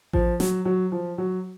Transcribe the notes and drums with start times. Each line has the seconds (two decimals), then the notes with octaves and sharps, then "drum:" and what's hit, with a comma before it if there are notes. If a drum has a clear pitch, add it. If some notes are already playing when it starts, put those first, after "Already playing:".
0.13 F3, drum: kick A1
0.40 F#3, drum: snare
0.65 F#3
0.92 F3
1.18 F#3